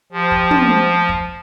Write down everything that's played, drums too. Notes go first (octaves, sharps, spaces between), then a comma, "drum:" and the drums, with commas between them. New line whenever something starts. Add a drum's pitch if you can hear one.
F3 G4 C5
drum: kick
drum: tom
drum: kick